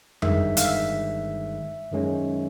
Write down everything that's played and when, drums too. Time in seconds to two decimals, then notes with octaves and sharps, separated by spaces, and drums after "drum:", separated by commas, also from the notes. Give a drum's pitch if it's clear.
0.22 G1 G2 D#3 G#3 E5, drum: tom F2
0.57 F5, drum: hi-hat
0.65 E5
1.92 F#2 D#3 G#3 C#4